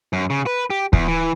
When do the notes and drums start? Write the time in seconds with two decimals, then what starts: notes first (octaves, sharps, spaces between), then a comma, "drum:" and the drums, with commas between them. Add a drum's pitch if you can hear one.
0.13 F#2
0.30 C#3
0.46 B4
0.70 G4
0.93 E2, drum: kick
1.08 E3